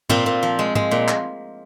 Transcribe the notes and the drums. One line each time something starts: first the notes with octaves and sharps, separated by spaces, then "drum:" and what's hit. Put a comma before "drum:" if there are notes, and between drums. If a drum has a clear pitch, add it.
A#2 C4 F4, drum: tom G#2
A#2
F3
G#3
G#3, drum: tom G#2
A#2
drum: clap